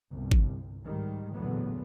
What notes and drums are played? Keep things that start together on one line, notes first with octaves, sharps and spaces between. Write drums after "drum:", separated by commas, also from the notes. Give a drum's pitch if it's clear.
G1 C2
drum: kick G#1
G#2 D#3 G3
A#1 E2 A2 D3 F#3 B3